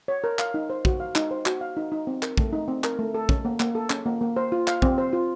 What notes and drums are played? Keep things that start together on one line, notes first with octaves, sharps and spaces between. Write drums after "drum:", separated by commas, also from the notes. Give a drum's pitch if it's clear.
C#5
A#4
F5, drum: clap
D#4
C5
F#4, drum: kick
F5
D#4, drum: clap
C5
F#4, drum: clap
F5
D#4
D#4
C4
A#4, drum: clap
A3, drum: kick
D#4
C4
A#4, drum: clap
A3
A4
C#4, drum: kick
A#3
A#3, drum: clap
A4
C#4, drum: clap
A#3
A#3
C5
F4
F5, drum: clap
C4, drum: kick
C5
F4